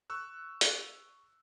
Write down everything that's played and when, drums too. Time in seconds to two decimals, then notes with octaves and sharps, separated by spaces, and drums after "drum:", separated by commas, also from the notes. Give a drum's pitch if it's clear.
0.10 C#6 E6 F#6
0.61 drum: hi-hat